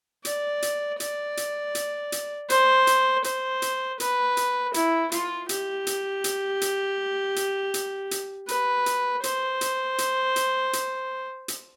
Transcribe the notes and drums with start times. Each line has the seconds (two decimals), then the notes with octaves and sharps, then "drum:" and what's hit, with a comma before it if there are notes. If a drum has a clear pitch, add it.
0.25 D5, drum: hi-hat
0.62 drum: hi-hat
1.00 D5, drum: hi-hat
1.37 drum: hi-hat
1.75 drum: hi-hat
2.12 drum: hi-hat
2.50 C5, drum: hi-hat
2.87 drum: hi-hat
3.24 C5, drum: hi-hat
3.62 drum: hi-hat
4.00 B4, drum: hi-hat
4.37 drum: hi-hat
4.74 E4, drum: hi-hat
5.12 F4, drum: hi-hat
5.49 G4, drum: hi-hat
5.87 drum: hi-hat
6.24 drum: hi-hat
6.61 drum: hi-hat
7.36 drum: hi-hat
7.74 drum: hi-hat
8.11 drum: hi-hat
8.48 B4, drum: hi-hat
8.86 drum: hi-hat
9.24 C5, drum: hi-hat
9.61 drum: hi-hat
9.98 drum: hi-hat
10.36 drum: hi-hat
10.73 drum: hi-hat
11.48 drum: hi-hat